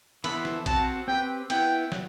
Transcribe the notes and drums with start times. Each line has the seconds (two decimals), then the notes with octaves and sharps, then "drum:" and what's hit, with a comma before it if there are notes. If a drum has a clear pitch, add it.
0.24 E3 B3 E4 A4 C5 B5, drum: cymbal
0.45 drum: snare
0.66 C4 F#4 C5 A5, drum: kick A#1, cymbal
1.08 C4 G4 B4 G5
1.50 B3 E4 B4 G5, drum: cymbal
1.92 F#3, drum: snare